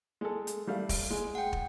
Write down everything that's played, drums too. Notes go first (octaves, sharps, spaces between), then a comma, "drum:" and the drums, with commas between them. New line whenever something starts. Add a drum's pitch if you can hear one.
G#3 A4
drum: hi-hat
G3 A3 F5
drum: kick, open hi-hat
G#3
F#5 G5
drum: kick